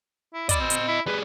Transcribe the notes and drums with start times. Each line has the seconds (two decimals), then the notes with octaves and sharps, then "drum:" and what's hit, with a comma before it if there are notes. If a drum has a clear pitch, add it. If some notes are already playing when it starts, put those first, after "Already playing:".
0.34 E4
0.49 D5 D#5 B5, drum: kick, hi-hat
0.60 C4
0.70 drum: hi-hat
0.88 E4
1.06 G3 G#4 B4